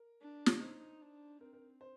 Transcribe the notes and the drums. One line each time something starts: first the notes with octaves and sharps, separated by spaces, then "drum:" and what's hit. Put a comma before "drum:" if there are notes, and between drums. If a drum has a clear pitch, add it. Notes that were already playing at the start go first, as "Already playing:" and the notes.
Already playing: A#4
D4
drum: snare
D#4 C5
D4
C4 A#4
A#4
C5